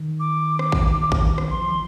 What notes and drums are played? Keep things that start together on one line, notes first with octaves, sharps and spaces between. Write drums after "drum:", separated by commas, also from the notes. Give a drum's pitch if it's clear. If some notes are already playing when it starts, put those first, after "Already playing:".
Already playing: D#3
D6
drum: rim click
drum: kick A1
drum: kick A1
drum: rim click
F3 C6
F3